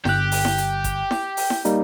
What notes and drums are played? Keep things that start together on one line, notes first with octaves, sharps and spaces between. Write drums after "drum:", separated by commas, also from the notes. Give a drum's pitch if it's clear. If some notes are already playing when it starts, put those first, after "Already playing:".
G1 G4 F#6, drum: snare E4
drum: open hi-hat
drum: snare E4
drum: hi-hat
drum: kick G#1, hi-hat
drum: snare E4
drum: open hi-hat
drum: snare E4
G3 A#3 D#4, drum: hi-hat